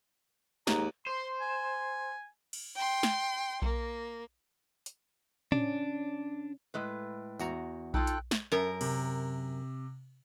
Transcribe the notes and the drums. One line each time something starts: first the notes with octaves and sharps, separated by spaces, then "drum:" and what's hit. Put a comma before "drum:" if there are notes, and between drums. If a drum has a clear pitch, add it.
D#2 G#2 A#5, drum: snare
C5 C6
G#5
drum: cymbal
G5 C6
drum: snare
A#3, drum: kick B1
drum: hi-hat
C#4 D4, drum: tom
A2 G#3 B4
E2 F#4 A#5, drum: tambourine
D#4 F4 A4 G5 F#6, drum: kick B1
drum: hi-hat
drum: snare
F#2 A#4
C3, drum: cymbal